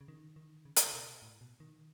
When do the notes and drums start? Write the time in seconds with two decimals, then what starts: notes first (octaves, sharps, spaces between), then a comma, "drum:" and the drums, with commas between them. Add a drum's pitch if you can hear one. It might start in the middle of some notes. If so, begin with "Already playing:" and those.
0.01 C#3
0.08 D#3
0.36 D#3
0.65 C#3
0.76 drum: hi-hat
0.94 B2
1.22 A2
1.41 B2
1.60 D#3